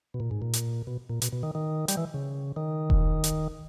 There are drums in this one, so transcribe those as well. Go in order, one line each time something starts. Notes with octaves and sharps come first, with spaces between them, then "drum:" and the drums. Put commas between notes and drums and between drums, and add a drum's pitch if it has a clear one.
B2
A#2
G#2
A#2
drum: hi-hat
B2
A#2
B2, drum: hi-hat
B2
D#3
D#3
G3, drum: hi-hat
E3
C#3
D#3
drum: kick E1
drum: hi-hat